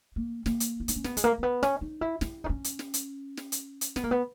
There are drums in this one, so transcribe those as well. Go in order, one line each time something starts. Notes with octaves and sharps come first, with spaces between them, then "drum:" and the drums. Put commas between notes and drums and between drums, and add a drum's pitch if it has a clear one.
A#3
A#3, drum: snare
drum: hi-hat
E4
D#4, drum: hi-hat
C#4
B3, drum: snare
G#3, drum: hi-hat
A#3
A#3
B3
C#4, drum: snare
D#4
E4
E4, drum: snare
D#4
C#4
drum: hi-hat
drum: snare
drum: hi-hat
drum: snare
drum: hi-hat
drum: hi-hat
B3, drum: snare
A#3
B3